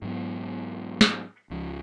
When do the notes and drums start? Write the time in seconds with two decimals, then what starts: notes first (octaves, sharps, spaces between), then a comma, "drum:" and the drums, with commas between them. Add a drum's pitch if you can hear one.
0.02 G#2 F#3 B3
1.01 drum: snare
1.50 C#2 C#3 F3